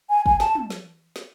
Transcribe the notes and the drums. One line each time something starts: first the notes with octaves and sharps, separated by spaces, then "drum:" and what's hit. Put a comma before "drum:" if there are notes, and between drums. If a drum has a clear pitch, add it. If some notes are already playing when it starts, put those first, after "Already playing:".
G#5
G#5, drum: kick
A5, drum: snare
drum: tom
drum: snare
drum: snare